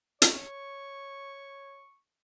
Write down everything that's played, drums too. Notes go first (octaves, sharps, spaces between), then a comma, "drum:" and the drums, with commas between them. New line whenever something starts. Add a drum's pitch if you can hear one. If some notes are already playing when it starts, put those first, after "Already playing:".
C#5 C#6, drum: hi-hat